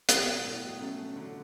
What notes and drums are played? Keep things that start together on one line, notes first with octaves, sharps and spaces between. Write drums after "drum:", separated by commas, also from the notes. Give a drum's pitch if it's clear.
B2, drum: hi-hat
B2
A2
B2
F#3 A3 C#4
D3 F#3